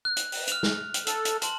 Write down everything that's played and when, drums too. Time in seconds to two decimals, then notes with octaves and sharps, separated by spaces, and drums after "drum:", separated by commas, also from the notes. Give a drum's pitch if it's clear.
0.05 F#6
0.17 drum: hi-hat
0.32 drum: open hi-hat
0.48 F6 F7, drum: hi-hat
0.63 drum: snare
0.94 drum: hi-hat
1.07 A4, drum: hi-hat
1.25 drum: hi-hat
1.42 A5 C6 F#7, drum: hi-hat